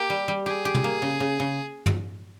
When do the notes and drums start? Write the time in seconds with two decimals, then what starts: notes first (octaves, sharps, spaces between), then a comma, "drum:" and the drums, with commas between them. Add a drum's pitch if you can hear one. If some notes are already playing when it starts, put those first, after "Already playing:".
Already playing: A#3 G4
0.10 G3
0.28 G3
0.46 G4 G#4
0.65 G4
0.74 drum: tom
0.84 A#3
1.02 C#3
1.20 C#3
1.40 C#3
1.86 drum: tom